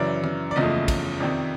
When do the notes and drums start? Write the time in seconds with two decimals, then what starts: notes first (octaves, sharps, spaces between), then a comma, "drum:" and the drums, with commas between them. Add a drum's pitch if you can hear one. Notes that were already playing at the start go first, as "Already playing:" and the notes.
Already playing: F#2 C#3 E3 D5
0.24 drum: tom
0.51 D5
0.56 F#1 E2 C#3 F3 A3 D#5
0.88 drum: kick, cymbal
1.20 F2 C3 D#3 D5